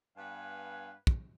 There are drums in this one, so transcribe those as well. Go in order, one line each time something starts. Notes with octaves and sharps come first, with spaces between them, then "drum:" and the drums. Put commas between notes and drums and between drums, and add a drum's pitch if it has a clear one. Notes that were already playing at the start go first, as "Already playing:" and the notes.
G2 B3 B4 F5 G#5
drum: kick